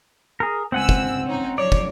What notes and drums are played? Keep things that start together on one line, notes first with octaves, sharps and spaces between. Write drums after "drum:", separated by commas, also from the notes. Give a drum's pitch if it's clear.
G#4 A#4
C#2 C4 F#5 G#5 E6
drum: kick
C#4 D#4
F3 F#3 C#5 D5
drum: kick